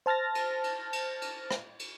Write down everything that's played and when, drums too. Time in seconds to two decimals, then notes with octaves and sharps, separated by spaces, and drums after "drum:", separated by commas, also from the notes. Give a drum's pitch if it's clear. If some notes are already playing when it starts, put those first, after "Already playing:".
0.06 C5 A5 F6 A6 A#6
0.35 drum: cymbal
0.64 drum: cymbal
0.93 drum: cymbal
1.22 drum: cymbal
1.51 drum: rim click
1.79 drum: cymbal